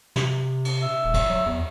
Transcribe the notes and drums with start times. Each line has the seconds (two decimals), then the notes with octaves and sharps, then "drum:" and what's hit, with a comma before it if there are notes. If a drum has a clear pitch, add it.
0.16 C3, drum: snare
0.65 drum: cymbal
0.82 E5
1.04 D#1
1.14 drum: kick, cymbal
1.30 F#3
1.46 E2